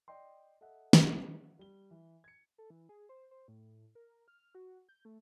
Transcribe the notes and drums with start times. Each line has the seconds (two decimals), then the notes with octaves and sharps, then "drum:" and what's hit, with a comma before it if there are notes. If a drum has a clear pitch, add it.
0.08 D5 D#5 G5 C6
0.61 A4 D#5 E5 F#5
0.93 drum: snare
1.59 G3 G7
1.91 E3
2.24 G#6 C#7
2.58 A4
2.70 E3
2.89 G#4
3.09 C5
3.31 C5
3.48 A2
3.95 A#4
4.28 F6
4.55 F#4
4.89 G6
5.05 A3